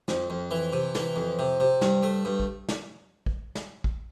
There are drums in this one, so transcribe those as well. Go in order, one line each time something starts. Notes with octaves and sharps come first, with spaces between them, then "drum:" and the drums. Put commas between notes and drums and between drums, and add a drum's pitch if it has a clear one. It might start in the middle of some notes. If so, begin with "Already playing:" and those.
F2, drum: snare
F2
E3
C3
E3, drum: snare
F2
C3
C3
G2, drum: snare
A3
G2
drum: kick
drum: snare
drum: kick
drum: snare
drum: kick